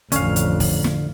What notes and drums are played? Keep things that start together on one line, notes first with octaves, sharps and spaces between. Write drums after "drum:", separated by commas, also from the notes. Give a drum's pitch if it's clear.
A1 F2 D3 C#4 F5, drum: hi-hat
drum: hi-hat
drum: kick, open hi-hat
drum: snare